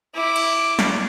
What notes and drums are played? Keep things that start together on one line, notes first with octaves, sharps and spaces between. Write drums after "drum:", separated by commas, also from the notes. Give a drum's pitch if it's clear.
E4 D6
drum: cymbal
drum: snare